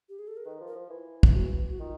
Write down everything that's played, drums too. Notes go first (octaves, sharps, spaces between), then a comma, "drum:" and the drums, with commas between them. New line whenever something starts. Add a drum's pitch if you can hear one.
G4
G#4
A4
A#4
D#3 B4
F3
A#4
F3
E3
drum: kick
F#4
F#4
D#3 F4